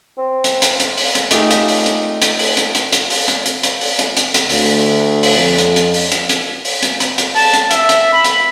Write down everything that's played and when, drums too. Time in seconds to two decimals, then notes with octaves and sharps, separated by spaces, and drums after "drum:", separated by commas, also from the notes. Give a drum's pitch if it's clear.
0.18 C4
0.44 drum: hi-hat
0.62 drum: hi-hat
0.80 drum: hi-hat
0.97 drum: open hi-hat
1.15 drum: hi-hat
1.31 A3 D#4 F4 G4 G#4, drum: hi-hat
1.51 drum: hi-hat
1.68 drum: open hi-hat
1.86 drum: hi-hat
2.22 drum: hi-hat
2.39 drum: open hi-hat
2.57 drum: hi-hat
2.75 drum: hi-hat
2.92 drum: hi-hat
3.10 drum: open hi-hat
3.28 drum: hi-hat
3.46 drum: hi-hat
3.63 drum: hi-hat
3.81 drum: open hi-hat
3.99 drum: hi-hat
4.17 drum: hi-hat
4.34 drum: hi-hat
4.49 D2, drum: open hi-hat
5.23 drum: open hi-hat
5.36 F2
5.58 drum: hi-hat
5.76 drum: hi-hat
5.94 drum: open hi-hat
6.12 drum: hi-hat
6.29 drum: hi-hat
6.65 drum: open hi-hat
6.83 drum: hi-hat
7.00 drum: hi-hat
7.18 drum: hi-hat
7.36 A5, drum: open hi-hat
7.54 drum: hi-hat
7.71 E5, drum: hi-hat
7.89 drum: hi-hat
8.13 B5
8.24 drum: hi-hat